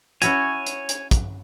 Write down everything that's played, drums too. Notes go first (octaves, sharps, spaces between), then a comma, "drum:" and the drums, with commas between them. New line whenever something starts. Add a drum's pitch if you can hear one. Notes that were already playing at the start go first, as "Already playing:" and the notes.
C#4 E4 F#4 C#5 G#5, drum: hi-hat
drum: hi-hat
drum: hi-hat
drum: kick, hi-hat